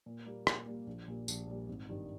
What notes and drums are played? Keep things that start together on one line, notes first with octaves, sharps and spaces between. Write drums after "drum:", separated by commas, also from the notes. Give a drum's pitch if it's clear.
A#2
G3 A#3
A#2, drum: rim click
G3 A#3
A#1
A#2 G3
A#1, drum: tambourine
A#2 G3
G#1
G2 D#3 G3